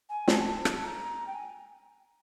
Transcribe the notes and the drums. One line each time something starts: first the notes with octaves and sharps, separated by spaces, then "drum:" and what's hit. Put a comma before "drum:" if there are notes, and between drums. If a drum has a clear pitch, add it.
G#5
A5, drum: snare
A5
A5, drum: rim click
A#5
G5
G#5